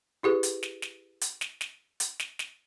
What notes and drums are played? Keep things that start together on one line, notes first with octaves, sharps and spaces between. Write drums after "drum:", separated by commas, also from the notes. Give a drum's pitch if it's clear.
E4 G4 G#4 B4
drum: hi-hat
drum: snare
drum: snare
drum: hi-hat
drum: snare
drum: snare
drum: hi-hat
drum: snare
drum: snare